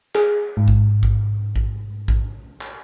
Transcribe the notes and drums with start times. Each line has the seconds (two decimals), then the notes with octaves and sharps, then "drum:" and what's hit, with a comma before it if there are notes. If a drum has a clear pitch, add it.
0.15 G#4, drum: clap
0.57 G#2
0.68 drum: kick A1
1.03 drum: kick A1
1.56 drum: kick A1
2.08 drum: kick A1
2.61 drum: clap